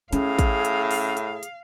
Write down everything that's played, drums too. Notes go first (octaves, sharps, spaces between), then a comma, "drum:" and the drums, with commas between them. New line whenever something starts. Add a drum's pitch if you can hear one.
A2 C#4 G#4 F5, drum: hi-hat
drum: kick, hi-hat
drum: hi-hat
drum: open hi-hat
drum: hi-hat
drum: hi-hat